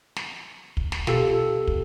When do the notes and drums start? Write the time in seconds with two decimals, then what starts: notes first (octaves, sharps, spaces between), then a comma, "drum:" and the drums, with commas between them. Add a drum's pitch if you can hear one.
0.16 drum: snare
0.77 drum: kick
0.92 drum: snare
1.07 B2 F4 G4 A4 E6, drum: snare
1.67 drum: kick